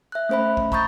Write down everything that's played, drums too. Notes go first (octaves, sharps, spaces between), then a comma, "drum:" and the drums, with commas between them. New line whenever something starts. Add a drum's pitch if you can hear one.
E5 F#6
A3 C#4 C5 E5 B5
drum: kick
A#5 B5 C#6 D#6 G6 A6, drum: kick